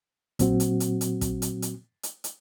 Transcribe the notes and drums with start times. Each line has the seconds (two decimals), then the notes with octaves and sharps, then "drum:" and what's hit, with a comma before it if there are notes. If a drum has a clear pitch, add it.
0.39 A#2 F#3 C4 F#4, drum: kick, hi-hat
0.60 drum: hi-hat
0.80 drum: hi-hat
1.01 drum: hi-hat
1.21 drum: kick, hi-hat
1.42 drum: hi-hat
1.62 drum: hi-hat
2.03 drum: hi-hat
2.24 drum: hi-hat